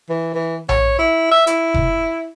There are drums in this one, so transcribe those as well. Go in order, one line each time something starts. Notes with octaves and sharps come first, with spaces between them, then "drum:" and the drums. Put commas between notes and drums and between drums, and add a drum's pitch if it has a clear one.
E3
E3
C#5, drum: tom A#1
E4
E5
E4, drum: hi-hat
drum: kick F1